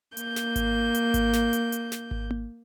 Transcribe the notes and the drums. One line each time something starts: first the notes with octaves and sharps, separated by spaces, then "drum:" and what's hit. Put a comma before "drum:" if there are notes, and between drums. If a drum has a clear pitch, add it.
A#3 G6, drum: hi-hat
drum: snare
drum: kick G#1, hi-hat
drum: hi-hat
drum: kick G#1, hi-hat
drum: snare
drum: hi-hat
drum: hi-hat
drum: snare
drum: kick G#1
drum: tom A#3